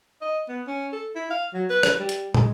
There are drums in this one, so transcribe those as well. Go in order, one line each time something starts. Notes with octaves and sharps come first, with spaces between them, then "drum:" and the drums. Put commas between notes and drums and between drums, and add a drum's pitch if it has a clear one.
D#5
B3
C#4
A4
E4
F5
F#3
B4
drum: rim click
G3
drum: hi-hat
G#3, drum: tom